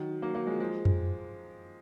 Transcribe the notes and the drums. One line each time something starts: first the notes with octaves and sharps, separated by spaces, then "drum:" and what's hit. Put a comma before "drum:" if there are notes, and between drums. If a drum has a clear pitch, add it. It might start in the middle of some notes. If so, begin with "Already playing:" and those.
Already playing: D#3 F#3
F#3 A#3
F#3 A#3
F3 G#3
F3 G#3
drum: tom F2